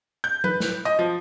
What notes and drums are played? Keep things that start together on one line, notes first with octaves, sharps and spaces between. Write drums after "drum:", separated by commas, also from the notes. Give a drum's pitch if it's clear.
G6
B4, drum: tom F#3
drum: snare
D#5
F3